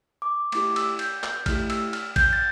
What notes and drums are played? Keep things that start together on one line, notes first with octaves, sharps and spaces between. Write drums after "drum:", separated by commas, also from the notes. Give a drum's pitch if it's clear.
D6
A3 E4 G4 D6, drum: cymbal
E6, drum: cymbal
G6, drum: cymbal
G6, drum: clap
A3 E4 G4 F6, drum: kick A1, cymbal
E6, drum: cymbal
F6, drum: cymbal
G6, drum: kick A1, cymbal
A6